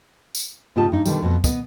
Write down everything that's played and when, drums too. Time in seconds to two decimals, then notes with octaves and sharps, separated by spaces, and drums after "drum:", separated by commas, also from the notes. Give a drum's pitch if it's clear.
0.35 drum: tambourine
0.76 G#2 C#3 F4 G4 D#5 A5
0.92 G2 D#4
1.06 B2 D3 D#3 G3, drum: tambourine
1.22 F2 B2
1.44 B3 D#5, drum: kick, tambourine